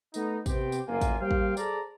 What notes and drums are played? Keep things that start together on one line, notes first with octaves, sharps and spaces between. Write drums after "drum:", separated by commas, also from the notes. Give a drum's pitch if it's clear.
A3 B3 D#4, drum: tambourine
C3 B3 C4 G4, drum: kick, tambourine
drum: tambourine
F#1 D2 A#3 F4 G#5
drum: kick, tambourine
G3 A#3 C5 F5 G5
drum: kick
G#4 A4 C5 D5 A#5, drum: tambourine